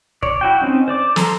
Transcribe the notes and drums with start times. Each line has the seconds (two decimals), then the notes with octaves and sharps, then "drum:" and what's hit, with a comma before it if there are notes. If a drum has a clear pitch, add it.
0.23 C#5 D5, drum: kick
0.41 E4 F#4 G5
0.61 C4 C#4 D#4
0.88 C5 D5 D6
1.16 A4 A#5 C6, drum: snare